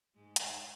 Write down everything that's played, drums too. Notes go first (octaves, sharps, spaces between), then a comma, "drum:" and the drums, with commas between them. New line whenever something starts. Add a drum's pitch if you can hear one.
G#2 G#3
drum: hi-hat